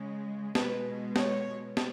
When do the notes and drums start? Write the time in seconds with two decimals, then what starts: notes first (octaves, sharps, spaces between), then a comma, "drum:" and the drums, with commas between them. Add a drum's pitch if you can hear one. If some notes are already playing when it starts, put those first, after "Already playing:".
Already playing: C#3 G#3
0.55 B2 G#3 B4, drum: snare
1.16 C#5, drum: snare
1.77 drum: snare